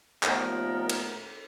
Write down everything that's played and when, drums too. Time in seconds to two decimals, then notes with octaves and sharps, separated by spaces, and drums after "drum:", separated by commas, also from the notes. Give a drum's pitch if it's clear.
0.23 D#2 A#2 F3 A3 B3 A#4, drum: clap
0.90 drum: cymbal